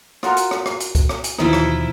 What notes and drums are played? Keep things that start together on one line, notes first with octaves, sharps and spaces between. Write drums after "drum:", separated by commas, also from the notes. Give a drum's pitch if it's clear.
F4 F#4 A#4, drum: rim click
drum: hi-hat
drum: rim click
drum: rim click
drum: hi-hat
drum: kick, hi-hat
drum: rim click
drum: hi-hat
D#2 B2 E3 F3 D#4 E4, drum: rim click
drum: rim click